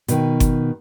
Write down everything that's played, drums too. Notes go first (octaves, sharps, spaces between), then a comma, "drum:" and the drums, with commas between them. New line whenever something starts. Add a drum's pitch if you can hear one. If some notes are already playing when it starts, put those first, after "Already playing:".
B2 D#3, drum: hi-hat
drum: kick G1, hi-hat